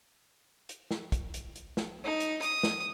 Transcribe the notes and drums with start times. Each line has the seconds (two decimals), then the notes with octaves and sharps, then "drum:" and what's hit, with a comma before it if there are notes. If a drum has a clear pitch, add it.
0.69 drum: hi-hat
0.91 drum: snare
1.12 drum: kick, hi-hat
1.34 drum: hi-hat
1.55 drum: hi-hat
1.77 drum: snare
2.04 D#4
2.20 drum: hi-hat
2.42 D#6, drum: hi-hat
2.63 drum: snare